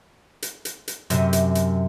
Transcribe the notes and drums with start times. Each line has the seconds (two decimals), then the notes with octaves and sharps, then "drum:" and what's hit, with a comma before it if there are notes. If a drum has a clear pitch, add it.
0.42 drum: hi-hat
0.65 drum: hi-hat
0.88 drum: hi-hat
1.10 F#2 C3, drum: hi-hat
1.33 drum: hi-hat
1.55 drum: hi-hat